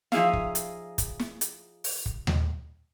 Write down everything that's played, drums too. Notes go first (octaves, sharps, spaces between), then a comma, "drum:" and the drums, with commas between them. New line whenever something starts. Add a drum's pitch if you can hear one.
F3 D#4 G#4 E5 F5, drum: snare
drum: kick
drum: hi-hat
drum: kick, hi-hat
drum: snare
drum: hi-hat
drum: open hi-hat
drum: kick
drum: tom D#2